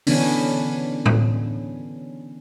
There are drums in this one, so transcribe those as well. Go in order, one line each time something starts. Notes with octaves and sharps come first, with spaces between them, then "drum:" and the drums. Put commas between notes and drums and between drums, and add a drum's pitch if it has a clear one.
D3 E3 B3 C#4 D4, drum: open hi-hat
drum: tom A2